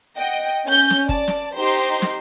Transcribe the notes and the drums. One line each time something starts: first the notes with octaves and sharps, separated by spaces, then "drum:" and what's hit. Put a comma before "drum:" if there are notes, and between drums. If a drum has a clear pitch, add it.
D#5 F#5 G5
C#4 G6
drum: snare
D5 A5, drum: kick
drum: snare
D#4 G4 C5 C6
drum: snare